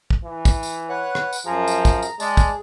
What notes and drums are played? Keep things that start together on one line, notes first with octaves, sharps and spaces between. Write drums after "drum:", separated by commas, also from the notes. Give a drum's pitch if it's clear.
drum: kick
E3
drum: kick, tambourine
drum: tambourine
B4 C#5 F#5 F#6
drum: rim click
drum: tambourine
F#2 F3 G#4 A#5
drum: tambourine
drum: kick, tambourine
drum: tambourine
G#3 G#4 D5 A5, drum: tambourine
drum: kick, tambourine